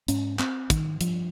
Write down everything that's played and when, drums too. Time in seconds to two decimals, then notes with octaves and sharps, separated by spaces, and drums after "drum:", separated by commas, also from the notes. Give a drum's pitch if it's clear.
0.08 G#2 C#4, drum: hi-hat
0.39 C4, drum: clap
0.70 D#3, drum: kick, hi-hat
1.01 G2 F3, drum: hi-hat